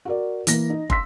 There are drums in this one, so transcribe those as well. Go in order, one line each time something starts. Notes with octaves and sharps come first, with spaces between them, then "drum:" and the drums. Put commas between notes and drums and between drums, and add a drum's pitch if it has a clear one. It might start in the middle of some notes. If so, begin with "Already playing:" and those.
F#4 A#4 D5
E3 A#3 A#6, drum: hi-hat
D#4
C6 E6 B6, drum: kick